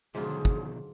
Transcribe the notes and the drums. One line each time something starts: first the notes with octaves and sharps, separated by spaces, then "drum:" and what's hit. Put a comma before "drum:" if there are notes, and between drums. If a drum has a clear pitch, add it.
G#2 B2 D3 D#3 F3 F#3 F4 G#4
drum: kick